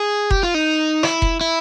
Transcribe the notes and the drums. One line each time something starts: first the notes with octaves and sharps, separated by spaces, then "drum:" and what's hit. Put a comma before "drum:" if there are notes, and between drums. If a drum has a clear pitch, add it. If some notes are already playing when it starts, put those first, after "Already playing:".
Already playing: G#4
G4, drum: kick F1
F4
D#4
E4, drum: rim click
drum: kick F1
E4